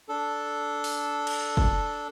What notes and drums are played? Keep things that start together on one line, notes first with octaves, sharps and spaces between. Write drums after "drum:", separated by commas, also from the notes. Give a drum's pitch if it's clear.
D4 A4
drum: open hi-hat
drum: cymbal
drum: kick